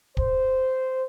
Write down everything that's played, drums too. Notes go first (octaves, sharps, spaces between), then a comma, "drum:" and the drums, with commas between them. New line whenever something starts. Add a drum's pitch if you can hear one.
C5, drum: kick